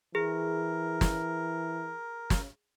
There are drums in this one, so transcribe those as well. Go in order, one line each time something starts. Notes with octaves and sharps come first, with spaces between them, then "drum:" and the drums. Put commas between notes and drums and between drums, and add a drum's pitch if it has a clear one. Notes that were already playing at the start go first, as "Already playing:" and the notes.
E3 G#4 A#4
drum: snare
drum: snare